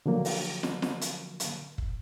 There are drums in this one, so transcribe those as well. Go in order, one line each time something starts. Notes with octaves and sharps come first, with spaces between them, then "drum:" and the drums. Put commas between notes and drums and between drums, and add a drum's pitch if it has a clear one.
D3 F3 F#3 A#3
drum: open hi-hat
drum: snare
drum: snare
drum: hi-hat
drum: hi-hat
drum: kick